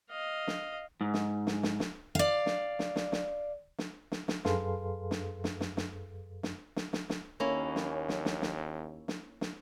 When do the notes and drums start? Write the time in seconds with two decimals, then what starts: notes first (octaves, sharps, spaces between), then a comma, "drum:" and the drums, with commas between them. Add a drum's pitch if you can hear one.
0.10 D#5 F5
0.47 drum: snare
1.01 G#2
1.14 drum: snare
1.47 drum: snare
1.63 drum: snare
1.80 drum: snare
2.15 D5 F5
2.46 drum: snare
2.79 drum: snare
2.96 drum: snare
3.12 drum: snare
3.78 drum: snare
4.12 drum: snare
4.28 drum: snare
4.45 F#2 G#4 A4 B4 F5 C6, drum: snare
5.11 drum: snare
5.44 drum: snare
5.61 drum: snare
5.77 drum: snare
6.43 drum: snare
6.76 drum: snare
6.93 drum: snare
7.10 drum: snare
7.40 D#2 A#3 C#4 E4
7.76 drum: snare
8.09 drum: snare
8.25 drum: snare
8.42 drum: snare
9.08 drum: snare
9.41 drum: snare